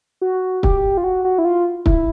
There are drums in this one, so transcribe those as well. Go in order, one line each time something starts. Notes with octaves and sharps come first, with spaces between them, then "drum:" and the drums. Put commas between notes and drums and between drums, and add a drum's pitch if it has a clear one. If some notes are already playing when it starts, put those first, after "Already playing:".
F#4
G4, drum: kick
F4
F#4
F#4
E4
F4
E4, drum: kick